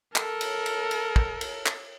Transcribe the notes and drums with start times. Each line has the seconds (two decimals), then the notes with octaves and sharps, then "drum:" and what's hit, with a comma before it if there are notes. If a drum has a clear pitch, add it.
0.16 A4 A#4, drum: clap
0.41 drum: cymbal
0.66 drum: cymbal
0.91 drum: cymbal
1.16 drum: kick
1.41 drum: cymbal
1.66 drum: clap